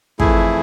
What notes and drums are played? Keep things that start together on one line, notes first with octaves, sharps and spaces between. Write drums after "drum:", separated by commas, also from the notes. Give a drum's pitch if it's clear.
F2 E3 A3 E4 G#4, drum: kick